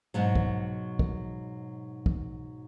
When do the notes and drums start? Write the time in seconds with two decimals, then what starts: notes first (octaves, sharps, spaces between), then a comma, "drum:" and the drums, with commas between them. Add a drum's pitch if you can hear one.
0.14 G#2 B2 F#3
0.35 drum: kick
0.99 drum: kick
2.06 drum: kick